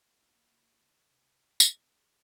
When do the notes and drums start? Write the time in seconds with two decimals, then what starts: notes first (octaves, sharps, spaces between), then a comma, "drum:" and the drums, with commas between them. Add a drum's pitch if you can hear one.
0.15 C#2 A#3 D4 E4 F#4 F6
1.01 C2 D#3
1.60 drum: tambourine
1.72 B1 E2 G#3